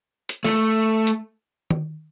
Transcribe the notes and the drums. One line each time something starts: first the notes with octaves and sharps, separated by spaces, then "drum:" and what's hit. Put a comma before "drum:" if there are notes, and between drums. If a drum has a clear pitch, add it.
drum: hi-hat
A3, drum: snare
drum: hi-hat
drum: tom D#3